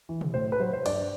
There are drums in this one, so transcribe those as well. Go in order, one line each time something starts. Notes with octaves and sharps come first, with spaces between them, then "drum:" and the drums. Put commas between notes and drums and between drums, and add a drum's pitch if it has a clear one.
E3
drum: tom B2
A2 C5
B4
F#3 C5
C5
G2 D5, drum: cymbal